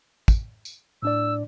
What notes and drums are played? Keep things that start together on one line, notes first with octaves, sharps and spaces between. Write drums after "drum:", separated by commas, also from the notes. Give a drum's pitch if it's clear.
drum: kick, tambourine
drum: tambourine
A2 D4 D5 E6